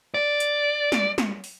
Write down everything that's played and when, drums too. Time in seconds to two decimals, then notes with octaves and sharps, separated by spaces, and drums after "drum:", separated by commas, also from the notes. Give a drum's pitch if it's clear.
0.14 D5
0.40 drum: hi-hat
0.92 drum: snare
1.18 drum: snare
1.44 drum: open hi-hat